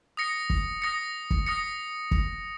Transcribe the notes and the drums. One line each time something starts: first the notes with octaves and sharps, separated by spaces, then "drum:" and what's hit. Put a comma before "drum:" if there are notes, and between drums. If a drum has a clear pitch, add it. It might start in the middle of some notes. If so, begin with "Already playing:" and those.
D#6 A#6 C#7
drum: kick
D#6 A#6 C#7
drum: kick
D#6 A#6 C#7
drum: kick